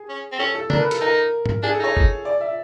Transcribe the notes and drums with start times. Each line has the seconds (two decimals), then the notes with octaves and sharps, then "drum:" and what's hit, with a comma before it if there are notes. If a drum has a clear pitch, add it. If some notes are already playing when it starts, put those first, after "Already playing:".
Already playing: G#4
0.09 C#4
0.32 C4
0.39 C#4 A4
0.55 A4
0.70 D4 A#4, drum: tom
0.80 B4
0.91 A4, drum: hi-hat
1.01 D#4 A#4
1.46 drum: tom G#2
1.63 D4 G#4
1.74 A4
1.80 D#4 C#5
1.97 drum: kick G1
2.25 D5
2.41 E5